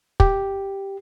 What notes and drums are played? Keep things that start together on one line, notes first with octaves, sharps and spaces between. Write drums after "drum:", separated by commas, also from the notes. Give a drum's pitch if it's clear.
G4, drum: kick